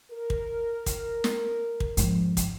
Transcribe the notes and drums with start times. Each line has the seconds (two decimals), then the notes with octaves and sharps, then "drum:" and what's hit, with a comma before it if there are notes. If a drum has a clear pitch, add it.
0.11 A#4
0.30 drum: kick
0.86 drum: kick, hi-hat
1.24 drum: snare
1.80 drum: kick
1.97 F2 G#2, drum: hi-hat
2.37 drum: kick, hi-hat